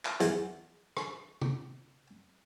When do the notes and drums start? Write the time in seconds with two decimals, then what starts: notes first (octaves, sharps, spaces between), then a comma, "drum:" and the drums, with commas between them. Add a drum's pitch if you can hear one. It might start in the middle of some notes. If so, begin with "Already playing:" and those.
0.05 drum: clap
0.20 E2 E3, drum: hi-hat
0.97 drum: rim click
1.41 drum: tom